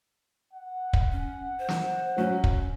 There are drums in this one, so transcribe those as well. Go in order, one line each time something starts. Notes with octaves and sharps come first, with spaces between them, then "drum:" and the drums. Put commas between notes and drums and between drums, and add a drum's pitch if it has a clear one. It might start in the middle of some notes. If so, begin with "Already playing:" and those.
F#5
drum: kick
C#4
C5
drum: snare
F#3 C#4
drum: kick